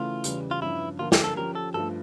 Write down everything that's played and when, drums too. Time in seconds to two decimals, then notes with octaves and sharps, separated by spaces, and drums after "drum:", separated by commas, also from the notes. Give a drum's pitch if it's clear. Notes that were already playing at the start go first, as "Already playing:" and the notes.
Already playing: C#3 E3 A3 F4
0.24 E2 C#3 E3 G3, drum: hi-hat
0.51 F4
0.62 G2 F3 C#4 E4
0.99 D3 F3 A#3 F4
1.12 G4, drum: snare
1.24 A4
1.37 F3 C#4 G4 A#4
1.55 A4
1.74 G2 F3 A3 A4